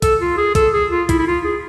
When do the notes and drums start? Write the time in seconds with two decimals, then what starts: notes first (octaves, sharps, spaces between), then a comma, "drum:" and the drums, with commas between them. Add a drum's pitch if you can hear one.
0.02 A4, drum: kick, hi-hat
0.20 F4
0.38 G#4
0.55 A4, drum: kick, hi-hat
0.73 G#4
0.91 F4
1.09 E4, drum: kick, hi-hat
1.19 E4
1.27 F4
1.45 G#4